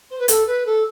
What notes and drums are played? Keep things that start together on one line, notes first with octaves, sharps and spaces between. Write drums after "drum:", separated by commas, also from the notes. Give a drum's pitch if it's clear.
C5
B4
A4, drum: hi-hat
B4
A4